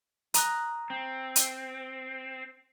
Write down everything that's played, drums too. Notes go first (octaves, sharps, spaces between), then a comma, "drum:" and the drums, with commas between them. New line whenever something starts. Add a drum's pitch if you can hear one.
A#5 D#6 F#6, drum: hi-hat
C4
drum: hi-hat